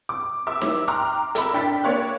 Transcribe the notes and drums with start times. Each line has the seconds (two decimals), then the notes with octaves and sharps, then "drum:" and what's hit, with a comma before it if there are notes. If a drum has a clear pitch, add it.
0.09 D6
0.47 E5 D6 E6
0.62 drum: snare D#4
0.88 G5 A#5 C6 D6 F6 F#6
1.35 A#4 E5 B5, drum: hi-hat
1.53 D4 G5 A6 B6
1.84 A#3 C#5 D5 F#6